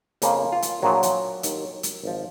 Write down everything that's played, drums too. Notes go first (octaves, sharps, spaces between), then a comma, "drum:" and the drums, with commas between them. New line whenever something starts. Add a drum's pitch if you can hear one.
F2 C#3 F3 A#3, drum: hi-hat
F4
drum: hi-hat
A#1 A#2 F3 F#3
drum: hi-hat
D#2 D#3, drum: hi-hat
drum: hi-hat
G#1 F3